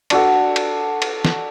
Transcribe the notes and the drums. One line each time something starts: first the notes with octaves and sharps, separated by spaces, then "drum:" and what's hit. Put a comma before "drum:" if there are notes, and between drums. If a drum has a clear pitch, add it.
D4 F#4 A4, drum: cymbal
drum: cymbal
drum: cymbal
drum: snare